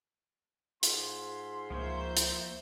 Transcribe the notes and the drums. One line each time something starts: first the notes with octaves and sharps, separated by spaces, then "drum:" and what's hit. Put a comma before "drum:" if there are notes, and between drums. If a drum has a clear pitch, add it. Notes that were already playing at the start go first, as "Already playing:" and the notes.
G#2 F4 C6, drum: hi-hat
C#2 F3 A#3 C5 C#5 E5 G6
drum: hi-hat